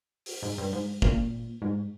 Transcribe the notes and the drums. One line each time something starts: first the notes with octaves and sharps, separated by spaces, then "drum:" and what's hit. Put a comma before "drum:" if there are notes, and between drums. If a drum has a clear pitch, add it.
drum: open hi-hat
G#2
G2
G#2
A#2, drum: kick
G#2